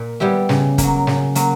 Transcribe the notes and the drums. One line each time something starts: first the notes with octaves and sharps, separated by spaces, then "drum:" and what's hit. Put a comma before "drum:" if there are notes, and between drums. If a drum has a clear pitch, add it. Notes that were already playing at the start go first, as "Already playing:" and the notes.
Already playing: A#2
G3 B3 E4 G4
C#3, drum: snare
A#3, drum: kick, hi-hat
F#3
C#3, drum: snare
F#3 A#3, drum: hi-hat